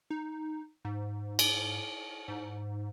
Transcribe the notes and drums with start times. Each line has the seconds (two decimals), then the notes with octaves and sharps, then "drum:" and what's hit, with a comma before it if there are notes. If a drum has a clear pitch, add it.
0.10 D#4
0.85 G#2
1.39 drum: cymbal
2.28 G#2